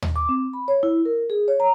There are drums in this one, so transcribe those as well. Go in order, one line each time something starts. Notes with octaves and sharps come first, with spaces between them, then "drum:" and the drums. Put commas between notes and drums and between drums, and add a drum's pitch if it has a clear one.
drum: tom D#2
D6
C4
B5
C#5
E4
A#4
G#4
C#5
A#5